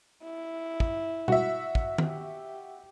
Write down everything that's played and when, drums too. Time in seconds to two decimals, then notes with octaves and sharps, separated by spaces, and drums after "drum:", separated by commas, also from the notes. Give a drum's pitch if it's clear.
0.24 E4
0.80 drum: kick
1.28 F#4 E5, drum: tom
1.75 drum: kick
1.98 G4, drum: tom D#3